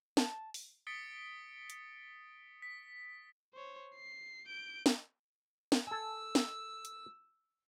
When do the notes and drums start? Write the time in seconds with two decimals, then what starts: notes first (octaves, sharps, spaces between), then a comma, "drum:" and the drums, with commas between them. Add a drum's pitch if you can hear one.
0.17 A5, drum: snare
0.54 drum: open hi-hat
0.87 D#6 A6 B6 C#7 D7 G7
1.70 drum: hi-hat
2.62 B6
3.54 C5 C#5
3.95 C7
4.47 G6 D7
4.86 drum: snare
5.72 drum: snare
5.87 A4 G#5 E6
6.35 drum: snare
6.85 drum: hi-hat